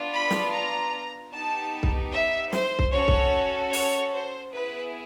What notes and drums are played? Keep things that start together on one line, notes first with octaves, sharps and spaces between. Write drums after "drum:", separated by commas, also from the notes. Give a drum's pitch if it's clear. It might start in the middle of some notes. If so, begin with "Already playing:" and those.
Already playing: B3 D4 F4
B5
drum: snare
A#5
B3 D#4 G4 A5
drum: kick C2
E5
C5, drum: snare
drum: kick C2
C#4 F#4 A4 C#5
drum: kick C2
C#5, drum: open hi-hat
C5
B3 E4 G#4 B4